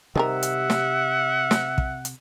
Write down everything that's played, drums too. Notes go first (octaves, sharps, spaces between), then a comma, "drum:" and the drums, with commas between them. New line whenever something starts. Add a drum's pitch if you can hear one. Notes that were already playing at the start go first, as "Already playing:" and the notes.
C3 D#3 G3 A#4 E5 F#5
drum: hi-hat
drum: snare
drum: snare
drum: kick
drum: hi-hat